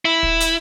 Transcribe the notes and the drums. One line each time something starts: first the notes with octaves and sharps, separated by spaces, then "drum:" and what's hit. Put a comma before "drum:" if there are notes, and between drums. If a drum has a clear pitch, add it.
E4
drum: kick
drum: hi-hat